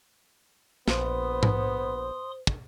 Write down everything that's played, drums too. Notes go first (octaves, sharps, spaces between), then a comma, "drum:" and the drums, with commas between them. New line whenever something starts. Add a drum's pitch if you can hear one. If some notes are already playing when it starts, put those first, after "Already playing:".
A#1 B3 C5 C6 D#6, drum: snare
drum: tom G#2
drum: kick